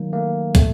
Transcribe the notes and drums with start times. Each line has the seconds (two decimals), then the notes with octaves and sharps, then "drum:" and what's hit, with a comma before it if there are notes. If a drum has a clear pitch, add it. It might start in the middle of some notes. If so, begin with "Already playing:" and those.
Already playing: D#3 F#3 A#3
0.13 A3 A#3
0.55 A#2 A3, drum: kick, hi-hat